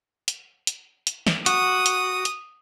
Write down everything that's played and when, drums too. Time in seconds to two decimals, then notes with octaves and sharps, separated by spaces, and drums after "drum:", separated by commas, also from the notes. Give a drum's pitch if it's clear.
0.28 drum: hi-hat
0.67 drum: hi-hat
1.07 drum: hi-hat
1.27 drum: snare
1.46 F#4 D#6, drum: hi-hat
1.86 drum: hi-hat
2.25 drum: hi-hat